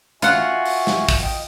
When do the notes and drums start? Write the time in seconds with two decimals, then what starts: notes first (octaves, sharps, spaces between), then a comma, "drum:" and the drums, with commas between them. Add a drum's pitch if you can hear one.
0.22 F4 F#4 E5 F#5 G#5, drum: hi-hat
0.65 drum: open hi-hat
0.87 drum: snare
1.09 drum: kick, open hi-hat
1.22 D#5 G5